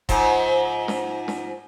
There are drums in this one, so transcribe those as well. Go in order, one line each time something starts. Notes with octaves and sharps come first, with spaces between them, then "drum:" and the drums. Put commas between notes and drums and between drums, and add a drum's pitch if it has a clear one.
G#2 F3, drum: kick E1, hi-hat
drum: snare
drum: snare